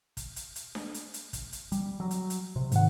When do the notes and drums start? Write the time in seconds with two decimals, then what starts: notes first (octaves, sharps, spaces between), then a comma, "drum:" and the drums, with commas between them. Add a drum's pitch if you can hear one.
0.17 drum: kick, hi-hat
0.36 drum: hi-hat
0.56 drum: hi-hat
0.75 drum: snare D4
0.94 drum: hi-hat
1.14 drum: hi-hat
1.33 drum: kick, hi-hat
1.52 drum: hi-hat
1.72 G3, drum: hi-hat
2.00 F#3
2.11 drum: hi-hat
2.30 drum: hi-hat
2.56 C3
2.72 G#2 D#3 F#5, drum: hi-hat